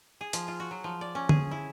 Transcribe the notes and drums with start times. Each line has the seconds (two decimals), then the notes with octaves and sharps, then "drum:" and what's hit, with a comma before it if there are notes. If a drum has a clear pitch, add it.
0.21 G#4
0.33 F3, drum: hi-hat
0.48 F4
0.60 F#4
0.71 F#3
0.84 F3
1.01 D5
1.15 C#4
1.29 G#4, drum: tom D3
1.51 E4